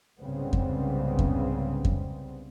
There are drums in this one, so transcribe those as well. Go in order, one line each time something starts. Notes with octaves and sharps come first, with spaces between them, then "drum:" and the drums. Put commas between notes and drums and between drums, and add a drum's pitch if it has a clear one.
C2 G#2 C#3 G3 B3 C4
drum: kick F2
drum: kick F2
drum: kick F2